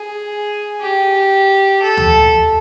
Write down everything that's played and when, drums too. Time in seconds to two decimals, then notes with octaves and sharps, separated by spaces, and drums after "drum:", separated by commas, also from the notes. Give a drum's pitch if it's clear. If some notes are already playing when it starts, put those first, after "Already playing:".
Already playing: G#4
0.81 G4
1.82 A4
1.97 drum: tom D2